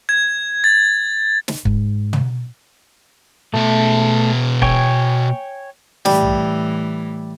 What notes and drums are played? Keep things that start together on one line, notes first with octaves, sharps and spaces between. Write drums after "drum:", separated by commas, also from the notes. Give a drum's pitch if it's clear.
G#6
A6
drum: snare
G#2, drum: kick
drum: tom
B2 A3 E5
C#5 G5 G#5, drum: kick
A2 E3 G3, drum: snare
drum: tom B1